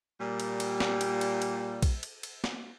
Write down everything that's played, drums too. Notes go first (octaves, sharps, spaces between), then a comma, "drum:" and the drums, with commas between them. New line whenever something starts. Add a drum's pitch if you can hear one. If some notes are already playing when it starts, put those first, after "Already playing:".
A#2 G3
drum: cymbal
drum: cymbal
drum: snare
drum: cymbal
drum: cymbal
drum: cymbal
drum: kick B1, cymbal
drum: cymbal
drum: cymbal
drum: snare